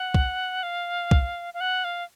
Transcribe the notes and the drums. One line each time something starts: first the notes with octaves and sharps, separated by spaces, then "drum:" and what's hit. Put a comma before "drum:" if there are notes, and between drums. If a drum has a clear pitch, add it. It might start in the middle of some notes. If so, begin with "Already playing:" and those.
Already playing: F#5
drum: kick C2
F5
drum: kick C2
F5
F#5
F5